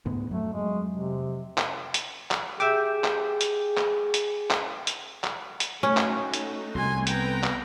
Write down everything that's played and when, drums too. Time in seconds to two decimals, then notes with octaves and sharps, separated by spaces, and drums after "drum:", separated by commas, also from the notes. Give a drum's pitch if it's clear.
0.06 D2 G#2 B3
0.31 F2 F#3 A3
0.54 G#3
0.92 C3
1.58 drum: clap
1.94 drum: hi-hat
2.31 drum: clap
2.60 G4 G#4 E5 G5 D6
3.04 drum: clap
3.41 drum: hi-hat
3.77 drum: clap
4.14 drum: hi-hat
4.51 drum: clap
4.87 drum: hi-hat
5.24 drum: clap
5.60 drum: hi-hat
5.83 A3 C#4 D#4 F#4
5.97 drum: clap
6.34 drum: hi-hat
6.75 C2 G#5 C6
7.07 B3 A4 B4 G5 A#5, drum: hi-hat
7.43 drum: clap